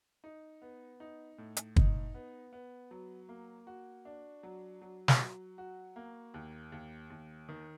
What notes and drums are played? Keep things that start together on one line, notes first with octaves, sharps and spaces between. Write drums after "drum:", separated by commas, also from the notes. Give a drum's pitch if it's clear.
D#4
B3
D#4
A2
drum: hi-hat
D#4, drum: kick
B3
B3
F#3
A#3
F#4
D4
F#3
F#3
drum: snare
F#3
F#4
A#3
D#2
D#2
D#2
D#3